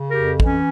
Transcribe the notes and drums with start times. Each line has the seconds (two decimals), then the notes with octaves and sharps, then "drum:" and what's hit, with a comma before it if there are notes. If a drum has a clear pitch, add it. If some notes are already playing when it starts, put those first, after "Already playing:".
Already playing: C#3
0.08 G4 A#4
0.16 F2
0.40 E3 C#4, drum: kick